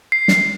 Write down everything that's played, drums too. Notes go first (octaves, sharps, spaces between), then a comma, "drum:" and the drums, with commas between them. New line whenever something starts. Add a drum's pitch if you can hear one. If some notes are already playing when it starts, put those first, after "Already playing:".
C7
drum: snare